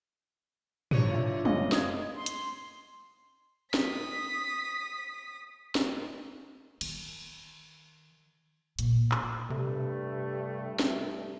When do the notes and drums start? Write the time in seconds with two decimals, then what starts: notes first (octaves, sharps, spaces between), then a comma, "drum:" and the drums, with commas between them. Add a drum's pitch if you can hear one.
0.91 D3 A3 C#5 D#7, drum: tom
1.11 F4 E5
1.45 F#1 D#5 F5, drum: tom
1.72 D#6 G#6, drum: snare
2.15 C6
2.26 drum: hi-hat
3.74 D#6 B6, drum: snare
5.75 drum: snare
6.81 D#3, drum: cymbal
8.79 A#2, drum: hi-hat
9.12 drum: clap
9.50 G2 C3 A3
10.79 drum: snare